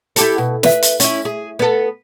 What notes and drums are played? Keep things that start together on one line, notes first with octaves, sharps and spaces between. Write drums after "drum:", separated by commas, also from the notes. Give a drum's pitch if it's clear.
E4 G4 A4, drum: hi-hat
B2
B4 E5, drum: snare
drum: hi-hat
C#4 E4, drum: hi-hat
G#4
B3 A4